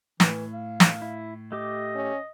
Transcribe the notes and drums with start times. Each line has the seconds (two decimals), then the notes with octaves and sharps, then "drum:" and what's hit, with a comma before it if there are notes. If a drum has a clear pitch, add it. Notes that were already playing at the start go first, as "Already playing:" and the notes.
0.20 A2 E3, drum: snare
0.53 F5
0.80 drum: snare
1.02 E4
1.52 A3 G4 D#5 D6
1.95 C#4